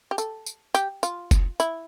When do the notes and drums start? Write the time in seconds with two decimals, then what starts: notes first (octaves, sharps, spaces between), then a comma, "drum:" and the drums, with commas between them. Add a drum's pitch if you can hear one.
0.11 G4
0.18 A4, drum: tambourine
0.46 drum: tambourine
0.74 G4, drum: tambourine
1.03 F4, drum: tambourine
1.31 drum: kick F1, tambourine
1.60 E4, drum: tambourine